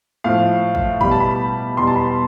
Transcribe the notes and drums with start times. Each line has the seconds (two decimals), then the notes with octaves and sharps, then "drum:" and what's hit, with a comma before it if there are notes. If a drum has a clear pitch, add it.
0.24 A2 F3 F5
0.75 drum: kick
1.01 B2 G3 B5, drum: kick
1.11 A5
1.20 B5
1.77 E2 B2 G3 C6
1.87 A5
1.96 B5